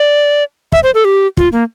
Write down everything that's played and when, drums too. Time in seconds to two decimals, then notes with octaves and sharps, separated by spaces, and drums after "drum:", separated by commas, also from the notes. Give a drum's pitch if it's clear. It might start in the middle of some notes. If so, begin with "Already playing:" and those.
Already playing: D5
0.72 E5, drum: kick
0.83 C5
0.94 A4
1.05 G4
1.37 F4, drum: kick
1.52 A#3